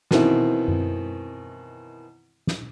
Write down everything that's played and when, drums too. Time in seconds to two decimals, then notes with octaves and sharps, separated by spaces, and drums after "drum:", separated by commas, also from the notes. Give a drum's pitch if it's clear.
0.11 B2 D#3 E3 C4 E4, drum: snare
0.68 drum: tom F#2
2.47 drum: snare